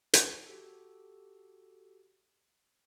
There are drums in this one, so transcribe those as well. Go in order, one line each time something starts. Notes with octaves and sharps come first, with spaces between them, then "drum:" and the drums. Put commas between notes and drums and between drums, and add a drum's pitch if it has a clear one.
drum: hi-hat
F#4 G4 A4